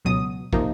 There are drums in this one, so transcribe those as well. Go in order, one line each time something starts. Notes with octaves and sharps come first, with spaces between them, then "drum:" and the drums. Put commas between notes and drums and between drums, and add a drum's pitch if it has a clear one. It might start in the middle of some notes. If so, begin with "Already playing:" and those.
C#2 B2 F#3 D#6
C3 F3 A#3 D#4, drum: kick